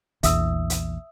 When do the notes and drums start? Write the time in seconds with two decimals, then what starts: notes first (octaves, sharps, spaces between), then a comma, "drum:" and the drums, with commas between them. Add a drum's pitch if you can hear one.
0.23 A#1 E2 E5 D#6 E6, drum: kick, hi-hat
0.70 drum: hi-hat